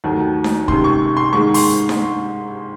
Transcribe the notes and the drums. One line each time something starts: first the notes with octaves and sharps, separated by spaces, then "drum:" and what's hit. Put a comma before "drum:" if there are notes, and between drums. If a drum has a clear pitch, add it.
D#2 D#3 F#3 A3
drum: snare D4
C#2 C3 D#3 C6, drum: kick
C#6
C6
G#2 D#3 G#3 C#6
C6, drum: open hi-hat
drum: snare D4